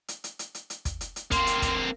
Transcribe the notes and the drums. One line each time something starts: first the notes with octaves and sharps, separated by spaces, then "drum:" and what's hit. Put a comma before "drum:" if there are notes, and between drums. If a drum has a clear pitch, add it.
drum: hi-hat
drum: hi-hat
drum: hi-hat
drum: hi-hat
drum: hi-hat
drum: kick, hi-hat
drum: hi-hat
drum: hi-hat
A#3 C4 C6, drum: kick, hi-hat
drum: hi-hat
drum: kick, hi-hat